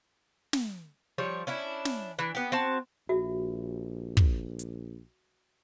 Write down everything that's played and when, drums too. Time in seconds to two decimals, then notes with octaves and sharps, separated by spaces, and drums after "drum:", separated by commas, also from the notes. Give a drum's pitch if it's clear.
0.53 drum: snare
1.18 F3 G3 C#5
1.47 C#4 D4 E4
1.85 drum: snare
2.19 E3 D4
2.35 B3 G4
2.52 C4 F#4 A5
3.09 A#1 F#4 E5
4.17 drum: kick
4.59 drum: hi-hat